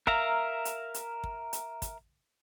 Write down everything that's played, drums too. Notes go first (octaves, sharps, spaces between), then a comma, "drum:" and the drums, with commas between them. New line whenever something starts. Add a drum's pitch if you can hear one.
A#4 E5 F5 A#5, drum: kick
drum: hi-hat
drum: hi-hat
drum: kick
drum: hi-hat
drum: kick, hi-hat